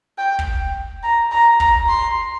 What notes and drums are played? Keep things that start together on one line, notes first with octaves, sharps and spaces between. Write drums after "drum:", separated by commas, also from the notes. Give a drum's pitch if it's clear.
G5
drum: kick
A#5
A#5
A#5, drum: kick
C6